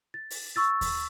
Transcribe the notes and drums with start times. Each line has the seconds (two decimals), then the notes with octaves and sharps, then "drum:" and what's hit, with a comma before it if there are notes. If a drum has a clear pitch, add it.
0.14 A6
0.30 drum: open hi-hat
0.56 C#6 E6 A6
0.81 drum: kick D#2, open hi-hat